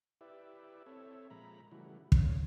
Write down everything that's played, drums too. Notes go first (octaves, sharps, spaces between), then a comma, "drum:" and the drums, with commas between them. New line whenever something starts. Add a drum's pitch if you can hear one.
E4 G4 B4 D5 E5
C4 A4 C#5 E5
A#2 F3 G#3 A#5 B5
C#3 E3 G3 A3 E4 F#4
A3 D4 C#5 F5, drum: kick